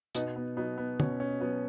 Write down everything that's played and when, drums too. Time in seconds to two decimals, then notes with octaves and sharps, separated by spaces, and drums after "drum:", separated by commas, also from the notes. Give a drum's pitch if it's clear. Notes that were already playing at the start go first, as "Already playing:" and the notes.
0.15 B2 B3 D#4, drum: hi-hat
0.36 B3
0.57 F#3 B3 D#4
0.78 B3
1.00 B2 C#4, drum: tom
1.20 C#4
1.41 F#3 B3